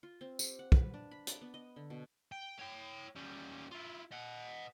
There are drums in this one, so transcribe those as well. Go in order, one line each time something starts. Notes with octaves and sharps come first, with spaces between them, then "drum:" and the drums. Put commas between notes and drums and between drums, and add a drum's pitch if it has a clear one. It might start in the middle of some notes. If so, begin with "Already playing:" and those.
F4
C4
G4, drum: tambourine
F#5
B4, drum: kick
D4
B5
D5, drum: hi-hat
B3
D#5
D3
B2
G5
C#5 G5
G3 C#4
E4 F4
D#5 F#5